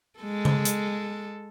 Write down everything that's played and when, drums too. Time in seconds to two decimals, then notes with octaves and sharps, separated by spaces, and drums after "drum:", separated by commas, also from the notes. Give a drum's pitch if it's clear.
0.19 G#3 A4
0.45 drum: tom C#3
0.65 drum: hi-hat